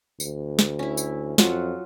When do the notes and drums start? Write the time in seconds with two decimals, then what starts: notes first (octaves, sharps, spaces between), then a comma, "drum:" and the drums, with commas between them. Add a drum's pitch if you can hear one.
0.20 D2, drum: tambourine
0.59 drum: snare
0.79 C#4 E4
0.97 drum: tambourine
1.38 F2 F#3 F4 F#5, drum: snare